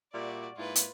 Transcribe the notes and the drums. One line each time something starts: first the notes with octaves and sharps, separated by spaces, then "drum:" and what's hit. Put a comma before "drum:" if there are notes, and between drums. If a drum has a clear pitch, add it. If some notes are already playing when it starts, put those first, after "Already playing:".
A#2 G3 F#4 D5 E5
G#2 A#3 E4 F4 B4
drum: hi-hat